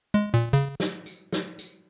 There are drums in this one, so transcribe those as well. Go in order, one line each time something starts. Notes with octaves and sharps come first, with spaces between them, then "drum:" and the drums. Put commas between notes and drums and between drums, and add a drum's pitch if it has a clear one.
G#3
A#2
C#3, drum: tambourine
drum: snare
drum: tambourine
drum: snare
drum: tambourine